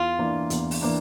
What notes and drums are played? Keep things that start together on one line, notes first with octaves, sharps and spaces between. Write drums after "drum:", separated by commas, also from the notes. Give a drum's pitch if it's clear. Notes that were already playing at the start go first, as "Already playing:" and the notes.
Already playing: E2 F4
E3 A#3 D4
E2, drum: hi-hat
drum: open hi-hat
E3 A#3 D4